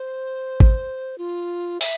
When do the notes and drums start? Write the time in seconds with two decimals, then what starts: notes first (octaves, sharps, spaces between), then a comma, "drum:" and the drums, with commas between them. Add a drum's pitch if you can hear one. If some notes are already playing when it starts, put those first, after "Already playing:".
Already playing: C5
0.60 drum: kick G#1
1.18 F4
1.81 E5, drum: open hi-hat